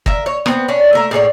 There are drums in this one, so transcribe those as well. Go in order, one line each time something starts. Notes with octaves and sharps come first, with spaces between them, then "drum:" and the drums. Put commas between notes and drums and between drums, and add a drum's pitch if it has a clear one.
A#4 E5, drum: kick
C#5
B3 C4, drum: rim click
C#4 D4
A3 A#4 E5
A2 G#4 C#5 D5